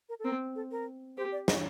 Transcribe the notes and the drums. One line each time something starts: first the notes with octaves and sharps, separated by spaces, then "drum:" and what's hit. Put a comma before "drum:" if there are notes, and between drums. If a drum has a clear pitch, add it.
A#4
A4
C4 A#4
A4
A#4
G4 C5
D5
D#5, drum: snare